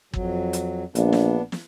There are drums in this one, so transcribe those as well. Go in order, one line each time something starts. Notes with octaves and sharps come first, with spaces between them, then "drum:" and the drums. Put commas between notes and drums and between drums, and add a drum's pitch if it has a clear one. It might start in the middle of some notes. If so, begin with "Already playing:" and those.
F2 F#3, drum: kick
drum: hi-hat
A#1 B3 D4, drum: hi-hat
drum: snare
drum: snare